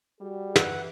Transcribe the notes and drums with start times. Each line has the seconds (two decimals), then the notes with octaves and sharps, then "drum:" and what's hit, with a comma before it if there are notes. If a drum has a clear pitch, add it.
0.19 G3 F#4 G#4
0.56 E3 F#5, drum: snare